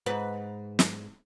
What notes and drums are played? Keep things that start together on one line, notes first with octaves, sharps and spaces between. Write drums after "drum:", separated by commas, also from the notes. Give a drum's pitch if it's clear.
G#2 B4
drum: snare